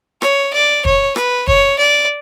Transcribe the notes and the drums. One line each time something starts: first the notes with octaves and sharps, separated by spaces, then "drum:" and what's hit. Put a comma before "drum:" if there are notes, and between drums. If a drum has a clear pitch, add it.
C#5, drum: rim click
D5
C#5, drum: kick
B4, drum: rim click
C#5, drum: kick
D5